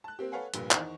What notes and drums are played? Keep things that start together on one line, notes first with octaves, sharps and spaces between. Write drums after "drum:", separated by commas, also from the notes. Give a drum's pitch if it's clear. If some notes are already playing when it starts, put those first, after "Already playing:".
A5 F#6
A#3 C4 G4
A4 B4 C#5 F5 F#5 G#5
F1 G2 A#2 B4, drum: hi-hat
E2 D#3 C5 D#5 F#5 C#6, drum: clap